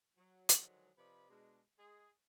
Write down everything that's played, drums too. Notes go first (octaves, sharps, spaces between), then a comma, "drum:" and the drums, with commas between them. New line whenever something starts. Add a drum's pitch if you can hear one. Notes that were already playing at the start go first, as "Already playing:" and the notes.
F#3
drum: hi-hat
D3 D#3 F3 F#3 G#3
C3 F3 B4 D5 D#5 B5
B2 G#3 D4
G#3 G#4